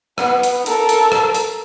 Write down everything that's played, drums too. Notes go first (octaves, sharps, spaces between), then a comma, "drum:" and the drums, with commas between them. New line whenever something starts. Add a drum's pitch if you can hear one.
B3, drum: rim click
drum: hi-hat
A4 A#4, drum: hi-hat
drum: hi-hat
drum: rim click
drum: hi-hat